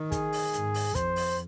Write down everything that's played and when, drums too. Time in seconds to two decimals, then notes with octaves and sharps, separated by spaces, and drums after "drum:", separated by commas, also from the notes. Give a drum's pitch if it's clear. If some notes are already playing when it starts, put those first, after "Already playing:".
Already playing: D#3
0.12 G#4, drum: kick, hi-hat
0.33 drum: open hi-hat
0.53 G#2, drum: hi-hat
0.74 drum: open hi-hat
0.95 F2 C5, drum: kick, hi-hat
1.16 drum: open hi-hat